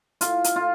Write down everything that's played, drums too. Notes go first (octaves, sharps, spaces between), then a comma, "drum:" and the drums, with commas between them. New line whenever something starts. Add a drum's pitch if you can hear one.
F4, drum: hi-hat
drum: hi-hat
F4